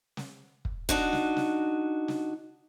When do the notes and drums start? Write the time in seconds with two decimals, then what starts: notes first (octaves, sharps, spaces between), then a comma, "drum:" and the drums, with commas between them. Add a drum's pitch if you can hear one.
0.17 drum: snare
0.65 drum: kick
0.89 D4 D#4 F#4, drum: kick
1.13 drum: snare
1.37 drum: snare
2.08 drum: snare